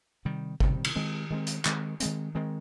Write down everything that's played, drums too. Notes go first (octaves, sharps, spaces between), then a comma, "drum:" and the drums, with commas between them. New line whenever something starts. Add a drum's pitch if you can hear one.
C3 D#3 G3
C3 D#3 G3, drum: kick G1
drum: cymbal
D#3 G#3 C4
D#3 G#3 C4
drum: hi-hat
D#3 G#3 C4, drum: clap
D#3 G#3 C4, drum: hi-hat
D#3 G#3 C4